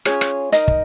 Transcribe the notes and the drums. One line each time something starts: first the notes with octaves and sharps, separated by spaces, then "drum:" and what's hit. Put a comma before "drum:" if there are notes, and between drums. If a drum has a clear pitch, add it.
C#4 F4 G#4 C#5, drum: rim click
drum: rim click
D#4 A#4 D#5, drum: hi-hat
drum: kick